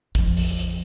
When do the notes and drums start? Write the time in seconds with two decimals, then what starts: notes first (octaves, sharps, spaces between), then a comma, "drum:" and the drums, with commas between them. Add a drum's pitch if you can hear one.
0.15 F2 F3, drum: kick, hi-hat
0.37 drum: open hi-hat
0.59 drum: hi-hat